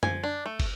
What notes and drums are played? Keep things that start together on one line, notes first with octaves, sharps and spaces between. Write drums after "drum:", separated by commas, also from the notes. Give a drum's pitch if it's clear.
F3 G#5, drum: tom F#2
D4
A3
drum: kick, cymbal